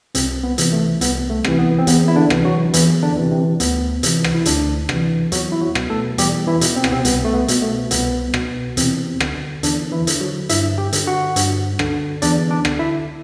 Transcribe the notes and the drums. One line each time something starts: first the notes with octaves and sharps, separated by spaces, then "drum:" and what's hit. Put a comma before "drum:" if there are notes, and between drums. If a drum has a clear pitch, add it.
C2 C3 C4, drum: hi-hat
B3
C3 E3, drum: hi-hat
A3
C2 B3, drum: hi-hat
A3
C3 E3, drum: rim click
B3
C4
E2 B3, drum: hi-hat
E4
D3 D4
C3 E3, drum: rim click
F#3 F#4
E2 E3 E4, drum: hi-hat
D3 D4
C3 E3
C3 C4
D2 B3, drum: hi-hat
C3 E3, drum: hi-hat
drum: rim click
E4
D2 D3 D4, drum: hi-hat
C3 E3, drum: rim click
E2 F#3 F#4, drum: hi-hat
E4
F#3 F#4
B2, drum: rim click
A3 A4
E2 G3 G4, drum: hi-hat
E3 E4
B2, drum: hi-hat
C4
B3, drum: rim click
C3 C4
C2 B3, drum: hi-hat
A3
B3
B2, drum: hi-hat
A3
C2 B3, drum: hi-hat
B2, drum: rim click
E2 C3 C4, drum: hi-hat
D3, drum: rim click
E2 D3 D4, drum: hi-hat
E3 E4
D3, drum: hi-hat
F#3 F#4
G2 E4 E5, drum: hi-hat
G4 G5
D3, drum: hi-hat
F#4 F#5
G2, drum: hi-hat
D3, drum: rim click
E2 D4 D5, drum: hi-hat
D4 D5
D3, drum: rim click
E4 E5